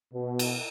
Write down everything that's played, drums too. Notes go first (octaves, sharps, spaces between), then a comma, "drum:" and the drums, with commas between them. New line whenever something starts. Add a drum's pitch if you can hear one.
B2
drum: cymbal